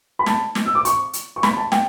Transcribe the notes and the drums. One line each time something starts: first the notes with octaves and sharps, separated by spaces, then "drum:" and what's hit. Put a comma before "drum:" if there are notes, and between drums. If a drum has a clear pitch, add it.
B5
A5, drum: snare
drum: snare
E6
D6
C#6, drum: hi-hat
drum: hi-hat
C#6
B5, drum: snare
A5
G5, drum: snare